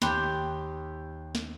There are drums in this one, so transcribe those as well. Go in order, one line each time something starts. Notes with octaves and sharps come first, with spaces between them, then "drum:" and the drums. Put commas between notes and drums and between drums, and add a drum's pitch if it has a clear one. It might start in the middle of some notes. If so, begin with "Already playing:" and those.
D#2 D#4 G4 A5 B5 C6 F#6, drum: snare
drum: snare